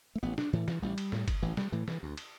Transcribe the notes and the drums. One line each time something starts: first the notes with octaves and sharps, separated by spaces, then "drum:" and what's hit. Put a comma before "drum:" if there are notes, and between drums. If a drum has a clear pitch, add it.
A3
A1 B3
D4, drum: snare
A2 E3
E3, drum: snare
A1 G3
drum: cymbal
A2, drum: snare
drum: kick G1, cymbal
A1 E3
G3, drum: snare
A2 E3
E3, drum: snare
D2
drum: cymbal